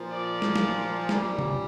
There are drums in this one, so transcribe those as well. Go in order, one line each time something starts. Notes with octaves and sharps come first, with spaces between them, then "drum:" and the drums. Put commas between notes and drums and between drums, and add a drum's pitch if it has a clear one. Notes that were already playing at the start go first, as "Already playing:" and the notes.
Already playing: A#2 F3
D5
drum: snare
drum: snare
A#2 G3, drum: snare
drum: tom C3